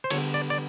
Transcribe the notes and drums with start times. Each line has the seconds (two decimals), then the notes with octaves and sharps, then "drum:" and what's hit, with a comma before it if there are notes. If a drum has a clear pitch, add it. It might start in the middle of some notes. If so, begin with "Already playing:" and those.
0.04 C5
0.10 D3 G3 B3 C#5, drum: cymbal
0.34 D5
0.50 D5